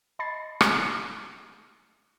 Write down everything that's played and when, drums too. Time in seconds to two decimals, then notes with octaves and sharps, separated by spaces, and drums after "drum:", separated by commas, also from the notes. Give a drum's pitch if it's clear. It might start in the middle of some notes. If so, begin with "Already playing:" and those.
0.19 D#5 A5 B5 G#6 A6 C7
0.61 drum: rim click